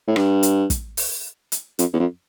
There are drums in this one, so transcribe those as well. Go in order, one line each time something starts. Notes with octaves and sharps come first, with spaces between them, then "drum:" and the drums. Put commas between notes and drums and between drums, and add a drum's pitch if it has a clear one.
A2
G2, drum: rim click
drum: hi-hat
drum: kick, hi-hat
drum: open hi-hat
drum: hi-hat
F2, drum: hi-hat
E2
F2